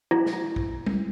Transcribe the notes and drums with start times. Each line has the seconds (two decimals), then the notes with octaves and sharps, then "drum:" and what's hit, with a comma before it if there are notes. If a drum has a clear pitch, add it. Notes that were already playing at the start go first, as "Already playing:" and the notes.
0.11 E4
0.26 drum: snare
0.56 drum: kick
0.86 drum: tom G3